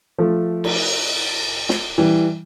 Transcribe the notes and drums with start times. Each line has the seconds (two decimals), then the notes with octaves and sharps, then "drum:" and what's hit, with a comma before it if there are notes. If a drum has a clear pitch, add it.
0.18 F3 A3
0.64 drum: cymbal
1.69 drum: snare
1.98 E3 G3